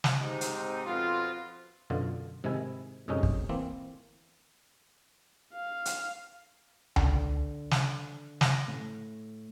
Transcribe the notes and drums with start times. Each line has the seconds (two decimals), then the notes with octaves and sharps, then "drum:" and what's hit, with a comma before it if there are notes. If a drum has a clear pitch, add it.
0.04 drum: snare
0.20 G#2 C3 C4 D#4
0.41 drum: hi-hat
0.86 F2 B2 C4 F4
1.90 F#2 B2 D3 F4
2.44 G#2 C3 D#3 E4 G#5
3.08 F#2 A2 C3 G#3 C#4 D#4
3.23 drum: kick
3.49 E3 A#3 C4
5.53 F5
5.85 drum: hi-hat
6.96 D3, drum: tom C#2
7.71 drum: snare
8.41 A#6, drum: snare
8.68 A2